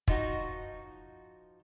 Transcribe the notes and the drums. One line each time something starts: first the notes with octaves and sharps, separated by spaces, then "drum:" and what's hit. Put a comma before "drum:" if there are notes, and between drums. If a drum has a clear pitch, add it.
F3 D#4 F#4, drum: kick